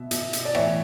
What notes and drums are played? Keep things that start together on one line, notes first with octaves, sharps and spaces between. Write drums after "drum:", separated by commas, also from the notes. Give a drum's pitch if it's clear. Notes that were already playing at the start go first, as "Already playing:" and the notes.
Already playing: B2 E5
B2, drum: hi-hat
drum: hi-hat
D5
A2 E3 C#5 E5, drum: rim click